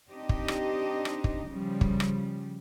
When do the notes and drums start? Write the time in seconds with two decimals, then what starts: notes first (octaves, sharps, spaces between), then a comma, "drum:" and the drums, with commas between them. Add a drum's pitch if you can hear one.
0.10 C4 D4 D#4 G4 D#5
0.29 drum: kick
0.48 drum: rim click
1.05 drum: rim click
1.24 drum: kick
1.47 C#3 F3 G3
1.81 drum: kick
2.00 drum: rim click